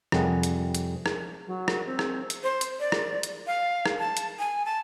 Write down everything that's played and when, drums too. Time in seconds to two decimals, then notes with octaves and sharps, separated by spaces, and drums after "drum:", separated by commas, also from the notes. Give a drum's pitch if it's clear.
0.12 F2 C3 G3 G#4 F#5 A5, drum: rim click
0.43 drum: hi-hat
0.75 drum: hi-hat
1.06 drum: rim click
1.47 F#3
1.68 drum: rim click
1.86 C4
1.99 drum: rim click
2.30 drum: hi-hat
2.43 C5
2.61 drum: hi-hat
2.80 D5
2.92 drum: rim click
3.23 drum: hi-hat
3.47 F5
3.86 drum: rim click
3.99 A5
4.17 drum: hi-hat
4.39 G#5
4.66 A5